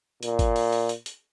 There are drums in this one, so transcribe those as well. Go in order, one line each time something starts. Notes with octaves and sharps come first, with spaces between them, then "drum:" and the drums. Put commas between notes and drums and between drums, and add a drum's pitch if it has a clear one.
A#2, drum: hi-hat
drum: kick G#1, hi-hat
drum: open hi-hat
drum: open hi-hat
drum: hi-hat
drum: hi-hat